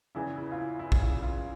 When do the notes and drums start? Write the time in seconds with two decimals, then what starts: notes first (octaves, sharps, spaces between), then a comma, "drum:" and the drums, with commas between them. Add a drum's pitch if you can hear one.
0.15 E2 C#3 E3 E4
0.36 E4
0.52 F4
0.59 E4
0.79 E4
0.92 E4, drum: kick A#1
1.01 F4
1.23 F4